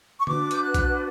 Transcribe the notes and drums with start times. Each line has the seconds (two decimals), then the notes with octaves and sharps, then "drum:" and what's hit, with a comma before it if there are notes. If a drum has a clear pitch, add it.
0.20 C#6
0.27 D4 F#4 B4 D6, drum: tom D3
0.51 G6, drum: hi-hat
0.62 F#6
0.74 drum: kick B1, hi-hat